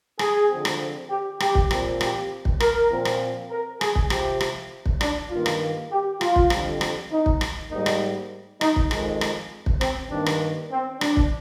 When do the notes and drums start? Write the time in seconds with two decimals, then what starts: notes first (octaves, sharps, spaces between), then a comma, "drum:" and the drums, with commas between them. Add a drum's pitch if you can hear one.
0.19 G#4, drum: rim click
0.50 D3 F3 C4
0.65 drum: rim click
1.10 G4
1.40 G4, drum: rim click
1.55 drum: kick
1.71 A#2 F3 C4, drum: rim click
2.01 G4, drum: rim click
2.45 drum: kick
2.60 A#4, drum: rim click
2.90 A#2 F3 C4
3.05 drum: rim click
3.51 A#4
3.81 G#4, drum: rim click
3.95 drum: kick
4.10 C3 F3 C4 G4, drum: rim click
4.41 drum: rim click
4.86 drum: kick
5.01 D4, drum: rim click
5.31 G2 D#3 A#3 F4
5.46 drum: rim click
5.91 G4
6.21 F4, drum: rim click
6.36 drum: kick
6.50 F2 D3 G3 C4, drum: rim click
6.81 drum: rim click
7.11 D#4
7.26 drum: kick
7.41 drum: rim click
7.71 G#2 G3 A#3 D#4
7.86 drum: rim click
8.61 D#4, drum: rim click
8.76 drum: kick
8.91 F2 D#3 G#3, drum: rim click
9.21 drum: rim click
9.66 drum: kick
9.81 C4, drum: rim click
10.11 G2 D#3 A#3 D4
10.26 drum: rim click
10.71 C4
11.01 D4, drum: rim click
11.17 drum: kick